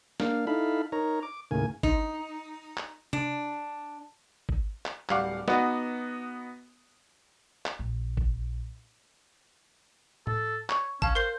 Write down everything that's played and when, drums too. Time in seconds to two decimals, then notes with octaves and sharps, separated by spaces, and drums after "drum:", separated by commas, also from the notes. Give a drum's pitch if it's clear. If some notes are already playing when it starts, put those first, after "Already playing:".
0.20 A#3 D4 F5, drum: snare
0.47 D#4 E4 A4 F5 B5
0.92 D#4 A#4 C#5 A#5
1.23 D6
1.51 D#2 A2 C#3 A#3 G#5
1.83 D#4, drum: kick G#1
2.77 drum: clap
3.13 D4, drum: tom C3
4.49 drum: kick G#1
4.86 drum: clap
5.09 D1 G3 F5 F#5 D6, drum: clap
5.48 B3 D#4 F#4 B4, drum: snare
7.66 drum: clap
7.79 A#1
8.17 drum: kick G#1
10.27 A4, drum: tom A2
10.70 C#5, drum: clap
11.02 C#4 F5 A5, drum: kick G#1
11.15 A#4 C5 C7 G7